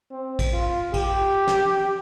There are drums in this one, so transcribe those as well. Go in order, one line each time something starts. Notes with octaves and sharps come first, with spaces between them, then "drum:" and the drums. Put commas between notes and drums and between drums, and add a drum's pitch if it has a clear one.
C4
drum: kick, cymbal
F4
G4, drum: kick, cymbal
drum: snare